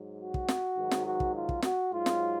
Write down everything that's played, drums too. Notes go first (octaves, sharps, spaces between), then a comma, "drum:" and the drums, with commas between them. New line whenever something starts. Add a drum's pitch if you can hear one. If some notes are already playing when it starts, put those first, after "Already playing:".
Already playing: G#2 F#3
F#4
drum: kick
drum: snare
G#2 D#3 F#3
drum: snare
F#4
drum: kick
F4
drum: kick
F#4, drum: snare
G#2 F#3 F4
drum: snare